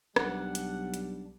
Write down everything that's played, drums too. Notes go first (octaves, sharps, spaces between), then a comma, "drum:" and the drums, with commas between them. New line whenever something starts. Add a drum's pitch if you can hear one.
B1 G3 D4 F#5, drum: rim click
drum: hi-hat
drum: hi-hat